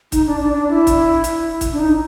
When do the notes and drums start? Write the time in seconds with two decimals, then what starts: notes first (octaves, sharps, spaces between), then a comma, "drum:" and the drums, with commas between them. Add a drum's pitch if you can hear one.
0.12 D#4, drum: kick C#1, hi-hat
0.27 D4
0.40 D4
0.54 D4
0.69 E4
0.87 drum: kick C#1, hi-hat
1.24 drum: hi-hat
1.61 drum: kick C#1, hi-hat
1.72 D4
1.80 D#4